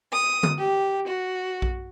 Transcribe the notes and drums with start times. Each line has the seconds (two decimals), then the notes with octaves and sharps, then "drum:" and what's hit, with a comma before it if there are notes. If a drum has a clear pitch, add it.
0.12 D#6
0.43 drum: tom D3
0.57 G4
1.06 F#4
1.62 drum: kick A#1